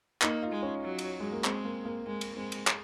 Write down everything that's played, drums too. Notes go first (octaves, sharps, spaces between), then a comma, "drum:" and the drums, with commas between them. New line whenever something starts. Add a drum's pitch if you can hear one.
A#3 D#4, drum: clap
F4
G#3
C#4
F#3
drum: cymbal
G#3
A#3
G#3 C4, drum: clap
A#3
A#3
G#3 A#3
drum: cymbal
G#3 C4
drum: cymbal
G#3, drum: clap